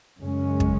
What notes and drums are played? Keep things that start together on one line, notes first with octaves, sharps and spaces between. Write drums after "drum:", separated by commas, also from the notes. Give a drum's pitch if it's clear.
F#2 C#3 G#3 C#4
drum: kick